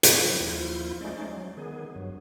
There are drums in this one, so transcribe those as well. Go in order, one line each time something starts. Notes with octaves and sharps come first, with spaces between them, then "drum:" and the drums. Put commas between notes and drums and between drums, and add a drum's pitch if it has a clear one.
drum: hi-hat
F3 F#3 E4
D#2 F3 E4 F4 G6
G#3 A3 C#4 D#4 C5 D5
F#3
D#3 B3 G#4
G2 F#3